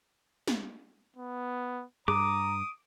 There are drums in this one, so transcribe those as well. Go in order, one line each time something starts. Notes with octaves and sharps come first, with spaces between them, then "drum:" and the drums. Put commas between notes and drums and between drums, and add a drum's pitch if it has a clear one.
drum: snare
B3
G2 A#5 D6 D#6, drum: rim click